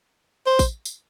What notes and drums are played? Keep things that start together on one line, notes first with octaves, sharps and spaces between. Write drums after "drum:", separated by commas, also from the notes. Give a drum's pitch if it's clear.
C5
drum: kick A1, tambourine
drum: tambourine